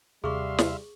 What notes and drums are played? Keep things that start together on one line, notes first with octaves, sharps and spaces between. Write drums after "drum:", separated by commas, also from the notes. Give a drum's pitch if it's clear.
D#2 C3 G3 G#4 E5 F5 C6 C#6
drum: snare